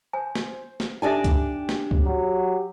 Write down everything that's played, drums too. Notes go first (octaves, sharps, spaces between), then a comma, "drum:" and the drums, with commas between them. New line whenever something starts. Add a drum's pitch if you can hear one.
C5 G#5
drum: snare
drum: snare
D4 D#4 G4 A4 D5 E5 G#5
drum: kick C#2, hi-hat
drum: snare
drum: kick C#2
F#3